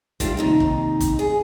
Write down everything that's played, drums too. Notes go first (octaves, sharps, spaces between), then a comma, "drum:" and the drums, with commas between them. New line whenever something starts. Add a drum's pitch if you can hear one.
G3 D4 F4 E5 F5 G5, drum: kick, hi-hat
D#2 C3 D#4
drum: kick
drum: kick, hi-hat
G#4